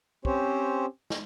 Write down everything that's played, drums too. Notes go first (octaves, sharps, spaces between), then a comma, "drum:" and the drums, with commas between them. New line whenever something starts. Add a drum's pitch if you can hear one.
C4 C#4 G4 C5 C#5, drum: kick
drum: snare